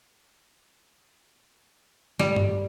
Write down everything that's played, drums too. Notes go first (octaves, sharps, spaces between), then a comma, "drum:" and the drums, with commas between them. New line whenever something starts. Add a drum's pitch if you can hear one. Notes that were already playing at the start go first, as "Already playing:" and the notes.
G3, drum: snare
drum: tom G2